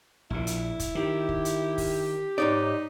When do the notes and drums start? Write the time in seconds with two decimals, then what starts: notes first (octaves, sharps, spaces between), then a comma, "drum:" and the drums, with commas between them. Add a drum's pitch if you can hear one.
0.30 A#1 A#2 E4
0.47 drum: hi-hat
0.80 drum: kick, hi-hat
0.95 D#3 G4
1.29 drum: kick
1.45 drum: hi-hat
1.78 drum: kick, open hi-hat
2.38 G#2 D#4 C#5 D5